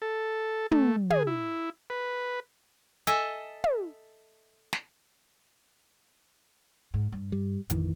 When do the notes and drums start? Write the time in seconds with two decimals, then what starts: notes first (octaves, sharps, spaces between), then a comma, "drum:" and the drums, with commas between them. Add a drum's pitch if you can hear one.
0.02 A4
0.71 A3, drum: tom
1.10 G#4, drum: tom
1.27 E4
1.90 B4
3.07 A4 D#5 E5 G#5 E6 G#6, drum: hi-hat
3.64 drum: tom
4.73 drum: snare
6.94 G#2
7.12 G2
7.32 G3
7.70 A1 F2 D#3 E3, drum: hi-hat